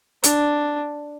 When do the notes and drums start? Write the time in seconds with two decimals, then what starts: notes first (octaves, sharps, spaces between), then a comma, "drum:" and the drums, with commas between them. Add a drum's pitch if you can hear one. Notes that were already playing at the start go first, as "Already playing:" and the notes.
0.24 D4, drum: hi-hat